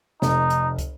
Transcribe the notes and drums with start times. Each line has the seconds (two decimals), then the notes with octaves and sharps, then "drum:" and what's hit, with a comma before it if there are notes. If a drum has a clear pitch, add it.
0.22 F1 D#4, drum: snare
0.50 drum: hi-hat
0.79 drum: kick, hi-hat